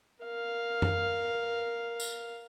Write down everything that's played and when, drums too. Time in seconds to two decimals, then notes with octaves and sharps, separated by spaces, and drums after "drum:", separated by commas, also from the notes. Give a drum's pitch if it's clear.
0.23 A#4 F5
0.82 drum: tom F#2
2.00 drum: tambourine